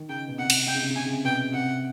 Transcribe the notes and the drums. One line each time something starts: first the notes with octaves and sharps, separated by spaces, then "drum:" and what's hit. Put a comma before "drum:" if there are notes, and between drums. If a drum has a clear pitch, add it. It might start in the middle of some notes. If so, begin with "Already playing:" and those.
Already playing: D#3
C#3 G5
B2
C3 F#5
drum: cymbal
C3 G5
C#3
C3
C#3
C3 G#5
C#3
C3
B2 G5
C3 F#5